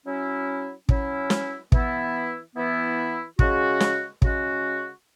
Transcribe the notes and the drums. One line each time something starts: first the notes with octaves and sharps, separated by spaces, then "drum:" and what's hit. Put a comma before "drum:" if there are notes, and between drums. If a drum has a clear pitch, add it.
F#3 C#4 E4
F#3 C#4 E4, drum: kick
drum: snare
E3 B3 E4, drum: kick
E3 B3 E4
C#3 G#3 C#4 F#4, drum: kick
drum: snare
C#3 G#3 C#4 F#4, drum: kick